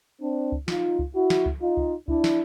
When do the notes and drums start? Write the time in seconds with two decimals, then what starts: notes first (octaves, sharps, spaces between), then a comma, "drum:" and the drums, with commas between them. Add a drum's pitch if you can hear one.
0.21 C4 D4
0.52 drum: kick C#2
0.68 D#4 F4, drum: snare
0.99 drum: kick C#2
1.15 E4 F#4
1.30 drum: snare
1.46 drum: kick C#2
1.61 D#4 F4
1.77 drum: kick C#2
2.08 D4 E4, drum: kick C#2
2.24 drum: snare